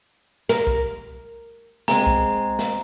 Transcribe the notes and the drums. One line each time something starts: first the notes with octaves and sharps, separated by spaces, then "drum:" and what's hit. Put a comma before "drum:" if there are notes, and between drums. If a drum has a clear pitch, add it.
A#4, drum: snare
drum: kick
G#3 C4 G#4 A#5, drum: snare
drum: kick
drum: snare